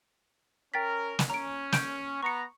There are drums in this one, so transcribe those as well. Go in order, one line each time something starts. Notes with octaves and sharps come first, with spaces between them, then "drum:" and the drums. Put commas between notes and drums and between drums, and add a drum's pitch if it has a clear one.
C#4 A#4 G5 A6 B6
drum: snare
C#4 A#5 D7
G6 D7, drum: snare
B3 A#5 C#6 C#7